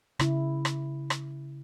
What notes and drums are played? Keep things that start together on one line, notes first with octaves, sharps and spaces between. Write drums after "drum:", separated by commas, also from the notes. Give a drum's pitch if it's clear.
C#3 E4, drum: rim click
drum: rim click
drum: rim click